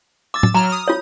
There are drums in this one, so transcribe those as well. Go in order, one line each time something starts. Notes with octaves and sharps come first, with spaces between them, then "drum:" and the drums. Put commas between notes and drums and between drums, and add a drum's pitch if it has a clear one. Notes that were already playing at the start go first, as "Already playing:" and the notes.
D6 E6 A6
drum: tom
F#3 A#5 F6
D#6
F4 C#5